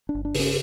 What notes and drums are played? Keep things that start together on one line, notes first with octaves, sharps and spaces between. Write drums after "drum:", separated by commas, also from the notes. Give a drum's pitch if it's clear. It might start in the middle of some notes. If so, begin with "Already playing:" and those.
D4
G1
D4
C#3 C#4, drum: open hi-hat